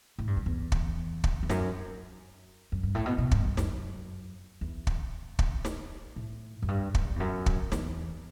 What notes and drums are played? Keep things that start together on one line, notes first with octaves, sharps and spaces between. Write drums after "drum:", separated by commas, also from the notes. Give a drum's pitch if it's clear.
A2
G2
F#2
E2
drum: kick
drum: kick
E2
F#2, drum: snare
F#2
G2
A2
B2
B2
G2, drum: kick
G2
F#2, drum: snare
E2
drum: kick
drum: kick
drum: snare
A2
F#2
G2
F#2, drum: kick
E2
F#2
drum: kick
E2, drum: snare